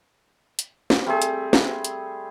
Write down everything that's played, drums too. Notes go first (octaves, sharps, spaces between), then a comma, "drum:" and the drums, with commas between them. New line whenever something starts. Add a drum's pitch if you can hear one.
drum: hi-hat
drum: snare
G3 A3 C4 G#4
drum: hi-hat
drum: snare
drum: hi-hat